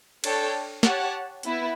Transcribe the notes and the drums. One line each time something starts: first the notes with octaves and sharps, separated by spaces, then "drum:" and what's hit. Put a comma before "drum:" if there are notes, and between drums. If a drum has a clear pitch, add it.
D4 A4 C#5 G5, drum: cymbal
G4 C#5 F#5 A5, drum: snare
B3 E4, drum: hi-hat